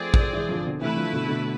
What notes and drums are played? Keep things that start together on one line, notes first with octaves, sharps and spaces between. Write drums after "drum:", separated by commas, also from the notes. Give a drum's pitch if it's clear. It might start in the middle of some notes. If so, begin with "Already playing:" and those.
Already playing: F3 A3 C4 G#4 D5
drum: kick
E3 G#3
D3 F3
B2 D3
C3 E3 A3 E4 B4
D3 F3
B2 D3
B2 D3